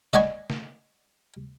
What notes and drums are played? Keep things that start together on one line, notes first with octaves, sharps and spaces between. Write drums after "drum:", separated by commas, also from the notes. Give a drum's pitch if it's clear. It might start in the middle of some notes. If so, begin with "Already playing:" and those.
D5 D#5 F#5 G#5 B5 C#6, drum: snare
drum: snare